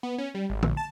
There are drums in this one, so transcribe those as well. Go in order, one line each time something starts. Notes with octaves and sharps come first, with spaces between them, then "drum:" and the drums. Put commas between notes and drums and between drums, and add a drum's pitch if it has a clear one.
B3
C#4
G3
G#1
A#1, drum: tom D3
A5